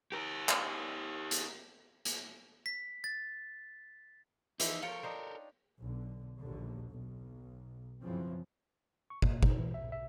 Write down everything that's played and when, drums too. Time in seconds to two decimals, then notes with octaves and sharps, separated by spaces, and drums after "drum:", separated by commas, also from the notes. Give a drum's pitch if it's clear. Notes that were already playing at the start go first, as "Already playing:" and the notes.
0.12 G4 A#4
0.49 drum: clap
1.31 drum: hi-hat
2.05 drum: hi-hat
2.66 B6
3.04 A6
4.60 E3 F3 D#4 E5, drum: hi-hat
4.82 F4 A4 A#4 C#5 G5
5.03 D4 D#4 C5
5.81 B1 D3
6.40 A#1 D#2 B2 D3
6.88 B1
8.02 F#2 C#3 E3 F3 C4
9.10 C#6
9.22 A#3, drum: kick
9.43 D#4, drum: kick
9.58 E3
9.74 E5
9.92 E5